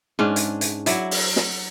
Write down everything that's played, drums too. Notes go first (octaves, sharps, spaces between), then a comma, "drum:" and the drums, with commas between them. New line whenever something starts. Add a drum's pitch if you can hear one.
G#2 C#4 D4
drum: hi-hat
drum: hi-hat
F#3 E4 D5 E5, drum: hi-hat
drum: open hi-hat
drum: snare